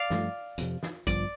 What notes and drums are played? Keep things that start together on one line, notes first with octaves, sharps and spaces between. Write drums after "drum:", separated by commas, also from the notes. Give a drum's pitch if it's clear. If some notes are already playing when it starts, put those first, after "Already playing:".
Already playing: D5 F5
G2 F3 A3, drum: snare
F2 C3 F3, drum: hi-hat
drum: snare
G1 G2 F3 D5, drum: kick A#1, hi-hat